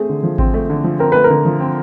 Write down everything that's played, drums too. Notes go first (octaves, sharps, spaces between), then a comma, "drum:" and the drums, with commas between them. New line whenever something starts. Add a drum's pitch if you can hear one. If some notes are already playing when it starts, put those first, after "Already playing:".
Already playing: A3 C4 G#4
D3
F3
C4, drum: kick G#1
A3
D3
F3
C4 A#4
A3 B4
A#4
D3
F3
C4